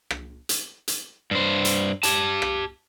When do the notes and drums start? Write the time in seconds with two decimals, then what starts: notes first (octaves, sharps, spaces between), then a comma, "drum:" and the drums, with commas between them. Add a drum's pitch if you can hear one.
0.10 drum: rim click
0.49 drum: hi-hat
0.88 drum: hi-hat
1.31 G2 C5
1.65 drum: hi-hat
2.03 G4 A5, drum: hi-hat
2.42 drum: rim click